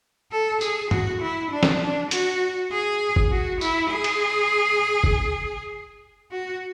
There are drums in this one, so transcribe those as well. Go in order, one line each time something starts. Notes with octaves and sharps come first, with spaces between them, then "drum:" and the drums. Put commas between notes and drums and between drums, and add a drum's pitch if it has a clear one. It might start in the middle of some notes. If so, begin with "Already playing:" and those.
A4
G#4, drum: tambourine
F#4, drum: tom G2
E4
D4
drum: snare
D4
F#4, drum: hi-hat
G#4
drum: kick
F#4
E4, drum: tambourine
G#4
drum: cymbal
drum: kick
F#4